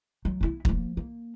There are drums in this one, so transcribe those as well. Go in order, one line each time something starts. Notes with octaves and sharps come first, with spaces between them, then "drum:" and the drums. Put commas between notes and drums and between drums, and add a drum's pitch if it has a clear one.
F#3
B3 E4
F3 A#3, drum: kick
A#3